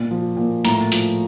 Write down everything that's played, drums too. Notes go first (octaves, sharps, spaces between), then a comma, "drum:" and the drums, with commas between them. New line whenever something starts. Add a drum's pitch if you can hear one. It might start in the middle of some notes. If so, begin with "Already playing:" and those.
Already playing: A#2
F3
A#2
A2 A#5, drum: hi-hat
F3, drum: hi-hat